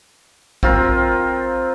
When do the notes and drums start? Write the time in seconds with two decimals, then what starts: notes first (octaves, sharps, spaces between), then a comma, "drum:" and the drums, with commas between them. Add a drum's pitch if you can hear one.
0.63 C4 F4 A#4, drum: kick A#1